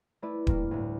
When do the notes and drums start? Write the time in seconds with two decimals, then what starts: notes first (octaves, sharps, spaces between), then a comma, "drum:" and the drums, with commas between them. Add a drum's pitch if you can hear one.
0.22 A3 E4 B4 D5
0.47 G2 A#3, drum: kick D#1
0.71 D2 A2